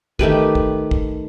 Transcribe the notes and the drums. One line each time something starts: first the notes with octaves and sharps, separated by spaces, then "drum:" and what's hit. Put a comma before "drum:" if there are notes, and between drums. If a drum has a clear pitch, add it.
D#3 A3 G4 B4, drum: kick
drum: kick
drum: kick